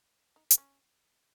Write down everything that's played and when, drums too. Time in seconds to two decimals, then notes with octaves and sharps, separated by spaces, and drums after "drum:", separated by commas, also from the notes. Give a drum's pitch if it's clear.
0.36 D#4
0.51 B3, drum: hi-hat
0.58 C#4